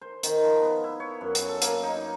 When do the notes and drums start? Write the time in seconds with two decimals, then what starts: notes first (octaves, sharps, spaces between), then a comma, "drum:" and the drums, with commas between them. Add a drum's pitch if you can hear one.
0.01 C5
0.23 D#3, drum: hi-hat
0.44 F3
0.62 B3
0.84 E4
1.00 C#5
1.21 F#2
1.35 drum: hi-hat
1.49 A4
1.62 A#3, drum: hi-hat
1.83 D#4